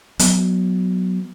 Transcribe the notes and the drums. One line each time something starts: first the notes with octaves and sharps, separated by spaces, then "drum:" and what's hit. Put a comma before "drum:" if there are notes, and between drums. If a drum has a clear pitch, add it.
F#3 B3, drum: hi-hat